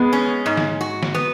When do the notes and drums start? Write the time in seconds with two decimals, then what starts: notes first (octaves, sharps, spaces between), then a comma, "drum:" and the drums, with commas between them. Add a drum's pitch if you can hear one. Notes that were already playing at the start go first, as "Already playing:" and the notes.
Already playing: G#3 B3
0.13 C#4
0.46 G#2
0.57 drum: snare
0.81 F#4
1.03 drum: snare
1.14 B3